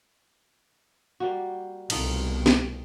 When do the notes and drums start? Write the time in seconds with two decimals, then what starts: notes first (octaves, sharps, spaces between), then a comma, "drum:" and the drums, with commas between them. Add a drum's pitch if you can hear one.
1.20 G3 A#3 F#4
1.90 C2 B2 A3 D#4 F4, drum: cymbal
2.46 drum: snare